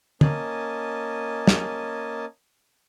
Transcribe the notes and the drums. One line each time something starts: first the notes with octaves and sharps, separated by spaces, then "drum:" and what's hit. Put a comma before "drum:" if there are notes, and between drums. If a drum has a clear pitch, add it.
A#3 C#4 D#5 G#5 A5, drum: tom
drum: snare